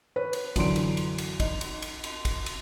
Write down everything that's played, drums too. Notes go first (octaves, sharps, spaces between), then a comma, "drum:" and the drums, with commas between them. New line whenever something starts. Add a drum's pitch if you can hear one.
B4 C#5
drum: cymbal
F#2 D3 E3 C6 D7, drum: kick, cymbal
drum: cymbal
drum: cymbal
drum: cymbal
D#4, drum: kick, cymbal
drum: cymbal
drum: cymbal
drum: cymbal
drum: kick, cymbal
drum: cymbal